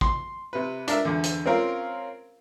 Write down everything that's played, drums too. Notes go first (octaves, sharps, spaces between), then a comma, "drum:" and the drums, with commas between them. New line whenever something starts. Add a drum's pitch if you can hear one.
C6, drum: kick
C3 B4
D4 A#4 E5, drum: hi-hat
E2 D3
drum: hi-hat
C4 C#4 F4 A#4 F5